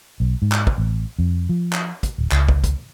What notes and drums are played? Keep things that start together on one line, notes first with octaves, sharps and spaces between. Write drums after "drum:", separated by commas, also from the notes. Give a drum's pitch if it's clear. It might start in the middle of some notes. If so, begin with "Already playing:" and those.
B1
G#2
drum: clap
drum: kick
A1
F2
F3
drum: clap
drum: kick, hi-hat
D1
C#2, drum: clap
drum: kick
drum: kick, hi-hat